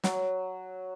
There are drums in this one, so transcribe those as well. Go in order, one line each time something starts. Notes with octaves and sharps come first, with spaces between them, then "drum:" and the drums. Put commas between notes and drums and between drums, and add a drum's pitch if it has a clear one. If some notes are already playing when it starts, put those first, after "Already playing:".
F#3, drum: snare